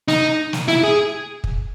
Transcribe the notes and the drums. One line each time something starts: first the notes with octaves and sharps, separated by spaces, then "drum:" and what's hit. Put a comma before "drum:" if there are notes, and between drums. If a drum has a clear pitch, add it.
D#4, drum: snare
drum: snare
E4, drum: snare
G#4
drum: kick